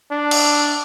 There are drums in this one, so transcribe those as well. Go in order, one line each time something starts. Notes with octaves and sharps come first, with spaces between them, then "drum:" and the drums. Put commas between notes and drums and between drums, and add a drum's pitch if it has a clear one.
D4
drum: cymbal